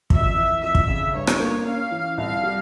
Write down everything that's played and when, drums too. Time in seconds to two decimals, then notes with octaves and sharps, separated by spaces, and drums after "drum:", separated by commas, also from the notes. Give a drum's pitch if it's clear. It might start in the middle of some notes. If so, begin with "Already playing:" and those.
0.10 F2 E5, drum: kick
0.37 E3
0.62 F2 E5
0.75 drum: kick
0.88 C#3
1.14 G2 C#5
1.27 drum: rim click
1.40 A#3
1.66 C#4 F5
1.91 E3
2.18 C2 F5
2.43 G3